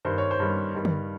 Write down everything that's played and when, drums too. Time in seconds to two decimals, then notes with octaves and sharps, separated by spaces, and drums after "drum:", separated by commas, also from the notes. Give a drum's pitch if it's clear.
0.05 G2 D#3 G3 C5
0.18 C#5
0.31 C5
0.40 G2 D#3 G3
0.74 G2 D#3 G3
0.85 drum: tom